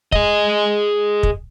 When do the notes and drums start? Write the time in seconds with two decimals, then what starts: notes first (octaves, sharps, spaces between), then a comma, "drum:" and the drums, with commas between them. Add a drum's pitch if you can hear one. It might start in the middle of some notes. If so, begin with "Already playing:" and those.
0.12 G#4 D#5, drum: kick
1.23 drum: kick